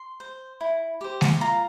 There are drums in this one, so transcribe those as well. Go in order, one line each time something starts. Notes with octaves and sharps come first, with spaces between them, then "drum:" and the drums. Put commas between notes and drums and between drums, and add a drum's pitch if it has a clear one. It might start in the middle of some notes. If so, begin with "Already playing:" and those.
Already playing: C6
C5
E4
G4 C5
drum: snare G#3
F4 A#5